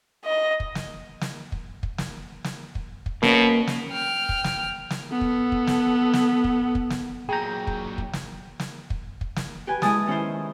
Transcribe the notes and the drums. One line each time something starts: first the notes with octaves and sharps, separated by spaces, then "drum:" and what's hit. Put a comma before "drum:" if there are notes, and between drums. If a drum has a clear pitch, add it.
D#5
drum: kick
drum: snare
drum: snare
drum: kick
drum: kick
drum: snare
drum: snare
drum: kick
drum: kick
B2 A#3 C#4, drum: snare
drum: snare
G5 F6
drum: kick
drum: snare
drum: snare
B3 A4
drum: kick
drum: kick
drum: snare
drum: snare
drum: kick
drum: kick
drum: snare
A#2 F#3 G#4 G5 A#5 G6
drum: kick
drum: kick
drum: snare
drum: snare
drum: kick
drum: kick
drum: snare
G4 B4 G#5
G#3 E4 G#5 A5 D#6, drum: snare
D#3 C#4 E4 C5